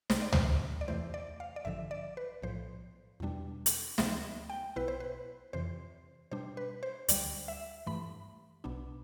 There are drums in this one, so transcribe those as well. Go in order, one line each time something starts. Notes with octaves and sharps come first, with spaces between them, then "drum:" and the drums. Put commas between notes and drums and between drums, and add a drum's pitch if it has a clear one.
C2 C3 G3 C5, drum: snare
D5
C5, drum: tom C#2
D5
E2 C3 E3 A3 E4 C5
D5
F5
D5
A1 G2 D3 F3 E5
D5
B4
B1 A2 F3 C5
E2 B2 G3 D4
drum: hi-hat
D2 C3 F3 B3 E5, drum: snare
G5
B1 B2 B3 E4 B4
C5
B4
F2 C3 E3 C5
B2 G3 D4 C5
B4
C5
D2 D3 G3 D5, drum: hi-hat
E5
G2 E3 A3 B5
B1 B2 B3 D4